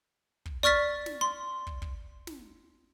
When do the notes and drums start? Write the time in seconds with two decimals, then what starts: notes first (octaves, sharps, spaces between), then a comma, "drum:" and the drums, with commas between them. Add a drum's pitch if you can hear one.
0.46 drum: kick
0.63 D5 C#6 F6 A6 B6, drum: kick
1.06 drum: snare
1.21 C6
1.67 drum: kick
1.82 drum: kick
2.27 drum: snare